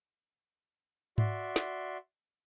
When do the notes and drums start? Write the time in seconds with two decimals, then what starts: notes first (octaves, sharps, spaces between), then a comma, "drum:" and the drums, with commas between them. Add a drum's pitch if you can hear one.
1.18 F#4 D5 E5 C6, drum: tom G#2
1.56 drum: snare